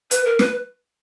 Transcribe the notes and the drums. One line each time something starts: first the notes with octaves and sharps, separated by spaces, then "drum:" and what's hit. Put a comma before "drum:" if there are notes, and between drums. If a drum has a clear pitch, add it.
B4, drum: hi-hat
A#4
B4, drum: snare